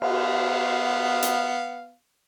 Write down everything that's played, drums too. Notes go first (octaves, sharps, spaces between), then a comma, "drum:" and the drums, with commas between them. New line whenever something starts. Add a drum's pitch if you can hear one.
B3 F5, drum: cymbal
drum: hi-hat